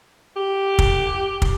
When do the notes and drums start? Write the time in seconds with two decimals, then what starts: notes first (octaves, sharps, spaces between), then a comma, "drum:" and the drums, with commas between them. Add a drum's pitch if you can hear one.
0.36 G4
0.79 drum: kick
1.42 drum: kick